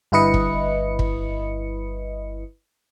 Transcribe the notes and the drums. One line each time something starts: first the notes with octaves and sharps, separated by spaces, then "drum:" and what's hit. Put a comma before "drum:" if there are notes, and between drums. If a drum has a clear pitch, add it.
G1 G2 E4 B4 D#5 C#7
drum: kick
drum: kick